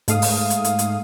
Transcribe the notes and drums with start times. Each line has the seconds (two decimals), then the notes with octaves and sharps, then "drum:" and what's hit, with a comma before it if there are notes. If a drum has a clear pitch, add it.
0.08 G#2 A3 F5 D#6, drum: hi-hat
0.22 drum: open hi-hat
0.50 drum: hi-hat
0.64 drum: hi-hat
0.79 drum: hi-hat